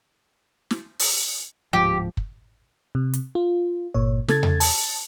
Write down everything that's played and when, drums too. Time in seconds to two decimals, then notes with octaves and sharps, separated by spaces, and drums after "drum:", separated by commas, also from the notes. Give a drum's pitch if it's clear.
0.71 drum: snare
0.99 drum: open hi-hat
1.73 D1 G#2 F3 G4
2.17 drum: kick
2.95 C3
3.14 drum: hi-hat
3.35 F4
3.94 G1 A#2 C#5
4.28 C#3 A4 G#6 A6, drum: snare
4.43 drum: tom E2
4.60 A5, drum: open hi-hat